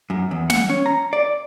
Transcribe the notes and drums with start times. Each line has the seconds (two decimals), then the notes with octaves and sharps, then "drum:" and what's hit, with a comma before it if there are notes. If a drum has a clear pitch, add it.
0.10 F#2
0.31 E2
0.50 F#5, drum: snare
0.70 C#4
0.86 A#5
1.13 D5